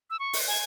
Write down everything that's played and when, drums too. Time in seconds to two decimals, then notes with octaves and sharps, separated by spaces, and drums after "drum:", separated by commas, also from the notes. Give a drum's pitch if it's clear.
0.10 E6
0.19 C#6
0.33 drum: open hi-hat
0.48 G#5